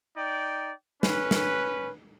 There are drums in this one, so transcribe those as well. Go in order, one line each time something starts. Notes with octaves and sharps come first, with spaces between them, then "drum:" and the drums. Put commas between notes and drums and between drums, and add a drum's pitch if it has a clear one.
D#4 D5 G5
C#4 B4, drum: snare
drum: snare